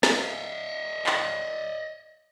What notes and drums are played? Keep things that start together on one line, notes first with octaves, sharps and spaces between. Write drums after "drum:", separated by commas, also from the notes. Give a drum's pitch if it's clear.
D#5 E5, drum: snare
drum: clap